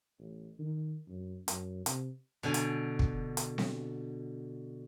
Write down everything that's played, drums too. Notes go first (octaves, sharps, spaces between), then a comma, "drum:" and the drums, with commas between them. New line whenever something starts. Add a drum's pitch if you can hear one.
A1
D#3
F#2
F#2, drum: hi-hat
C3, drum: hi-hat
B2 D3 G#5
drum: hi-hat
drum: kick
drum: hi-hat
drum: snare C4